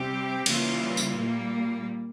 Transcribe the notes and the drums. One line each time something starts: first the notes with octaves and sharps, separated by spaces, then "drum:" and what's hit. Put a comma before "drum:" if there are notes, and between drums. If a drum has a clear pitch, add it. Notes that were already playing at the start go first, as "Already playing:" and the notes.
Already playing: C3 G3 C4 G4
C#3 E3 G3 A#3 F4, drum: cymbal
drum: tambourine
A#2 G3 A#3